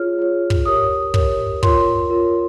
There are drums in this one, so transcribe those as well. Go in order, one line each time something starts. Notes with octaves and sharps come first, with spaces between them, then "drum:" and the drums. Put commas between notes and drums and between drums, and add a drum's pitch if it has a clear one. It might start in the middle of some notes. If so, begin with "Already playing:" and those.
Already playing: F4 G#4 C#5 F6
F4 G#4 C#5
drum: kick
G4 A#4 C#5 D#6
G4 A#4 C#5, drum: kick
F4 A#4 C#5 C6, drum: kick
F4 A#4 C#5